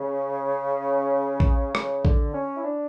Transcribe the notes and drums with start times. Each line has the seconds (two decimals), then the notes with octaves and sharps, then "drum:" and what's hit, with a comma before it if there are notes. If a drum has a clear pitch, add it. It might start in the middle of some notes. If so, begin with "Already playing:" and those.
Already playing: C#3
1.40 drum: kick
1.75 C#3, drum: rim click
2.05 D3, drum: kick
2.34 C#4
2.56 E4
2.64 D4